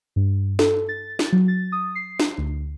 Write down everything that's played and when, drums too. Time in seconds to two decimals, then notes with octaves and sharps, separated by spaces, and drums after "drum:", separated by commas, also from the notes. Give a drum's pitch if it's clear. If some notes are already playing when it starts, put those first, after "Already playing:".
0.16 G2
0.59 A4, drum: snare
0.89 A6
1.19 drum: snare
1.32 F#3
1.48 A6
1.72 D#6
1.95 C7
2.20 drum: snare
2.38 D2